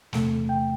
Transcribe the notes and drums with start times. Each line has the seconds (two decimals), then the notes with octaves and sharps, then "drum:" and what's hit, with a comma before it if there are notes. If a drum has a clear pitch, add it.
0.13 E2 C3 A3, drum: snare
0.49 G5